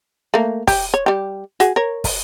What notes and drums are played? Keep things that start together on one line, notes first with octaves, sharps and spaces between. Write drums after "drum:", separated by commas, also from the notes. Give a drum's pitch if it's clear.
A3 A#3
G4, drum: kick, open hi-hat
C#5
G3 G4
F#4 G#4, drum: hi-hat
A#4 C#5
drum: kick, open hi-hat